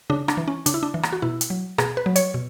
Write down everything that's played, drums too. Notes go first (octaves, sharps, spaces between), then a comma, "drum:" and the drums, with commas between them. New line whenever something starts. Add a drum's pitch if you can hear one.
C#3 D4
D4, drum: rim click
E3
C#4
C#3 D4, drum: hi-hat
E4
D4
E3
drum: rim click
F#4
B2 E4
drum: hi-hat
F#3
B2 G#4, drum: rim click
B4
F#3
C#5, drum: hi-hat
B2